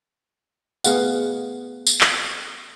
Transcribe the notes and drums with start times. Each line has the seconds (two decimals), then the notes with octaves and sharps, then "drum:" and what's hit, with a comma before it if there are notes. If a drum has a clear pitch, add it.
0.84 A3 B3 G#4 F5 F#5, drum: tambourine
1.87 drum: tambourine
2.01 drum: clap